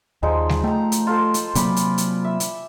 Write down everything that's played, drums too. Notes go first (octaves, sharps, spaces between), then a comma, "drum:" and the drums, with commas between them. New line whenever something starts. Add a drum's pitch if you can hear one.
D#2 F3 G#3 D#4
drum: snare G3
A3 G5 A#5
drum: hi-hat
F4 A4 C5
drum: hi-hat
C3 F#3 A#3 D5 G#5 B5, drum: hi-hat
drum: hi-hat
drum: hi-hat
E5
drum: hi-hat